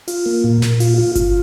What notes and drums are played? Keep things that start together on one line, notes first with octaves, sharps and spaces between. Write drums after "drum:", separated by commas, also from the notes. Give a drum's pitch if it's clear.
F4, drum: open hi-hat
A#3
A#2
A#2, drum: snare
F4, drum: open hi-hat
F4
F4, drum: kick G1, hi-hat